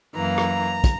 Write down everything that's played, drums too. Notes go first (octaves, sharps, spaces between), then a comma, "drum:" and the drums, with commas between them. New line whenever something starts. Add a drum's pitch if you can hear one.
F#2 E3 A#3 A#5
drum: rim click
drum: kick, hi-hat